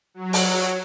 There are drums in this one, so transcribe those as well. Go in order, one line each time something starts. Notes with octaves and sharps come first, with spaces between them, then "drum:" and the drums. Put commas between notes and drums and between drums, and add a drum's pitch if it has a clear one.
F#3
drum: open hi-hat